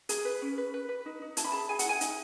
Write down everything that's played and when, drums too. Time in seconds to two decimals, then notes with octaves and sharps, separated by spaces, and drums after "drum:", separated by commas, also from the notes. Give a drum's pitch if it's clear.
0.09 G#4, drum: hi-hat
0.25 B4
0.42 C#4
0.58 B4
0.74 B4
0.89 B4
1.06 D#4
1.22 D#4
1.37 E4 A5, drum: hi-hat
1.44 B5
1.52 G#4 A5
1.69 G#4 G#5
1.79 F#5, drum: hi-hat
1.85 E4 G#5
2.01 D#4, drum: hi-hat